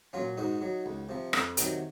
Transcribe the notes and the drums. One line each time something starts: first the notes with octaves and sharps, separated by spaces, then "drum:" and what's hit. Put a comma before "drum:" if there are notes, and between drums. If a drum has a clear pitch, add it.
A#2 F#3 C#4 F4
G#2 D#4 F#4
F#3
C#2
C3 F3
F2, drum: rim click
C3 D#3 F#3, drum: hi-hat